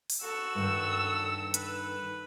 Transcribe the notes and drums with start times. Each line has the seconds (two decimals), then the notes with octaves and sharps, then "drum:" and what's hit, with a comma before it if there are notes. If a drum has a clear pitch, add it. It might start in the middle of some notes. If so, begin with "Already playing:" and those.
0.10 drum: open hi-hat
0.23 F#4 A4 E6
0.55 G2 D#3
1.54 B4, drum: hi-hat